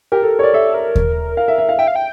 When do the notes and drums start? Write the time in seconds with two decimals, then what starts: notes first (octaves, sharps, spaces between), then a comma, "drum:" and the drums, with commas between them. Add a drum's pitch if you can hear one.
0.12 G4 A#4
0.22 A4
0.39 C#5
0.43 D5
0.54 A4 E5
0.74 A#4
0.95 drum: kick D#2
1.37 F5
1.48 E5
1.58 E5
1.69 F5
1.79 E5 G5
1.88 F5
1.96 G5